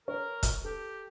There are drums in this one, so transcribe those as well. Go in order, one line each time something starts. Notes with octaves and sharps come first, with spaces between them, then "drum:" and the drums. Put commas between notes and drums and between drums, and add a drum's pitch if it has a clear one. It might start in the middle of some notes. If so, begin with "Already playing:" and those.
A#4 C#5
drum: kick, hi-hat
G4 A4